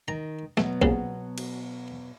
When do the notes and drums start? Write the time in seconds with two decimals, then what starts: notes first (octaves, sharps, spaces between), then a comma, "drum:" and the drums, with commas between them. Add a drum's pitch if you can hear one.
0.08 D#3 A#5
0.57 B2 F#3 A3 B3, drum: snare
0.82 C2 A#2 C#3, drum: kick A#1
1.38 drum: cymbal